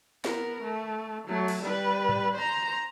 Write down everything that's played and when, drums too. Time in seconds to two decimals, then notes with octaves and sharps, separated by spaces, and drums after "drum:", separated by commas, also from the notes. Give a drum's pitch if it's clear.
0.25 B3 A#4, drum: snare
0.62 A3
1.28 F#3 A3
1.48 drum: cymbal
1.62 G3 B4
2.09 drum: tom G#2
2.35 C5 A#5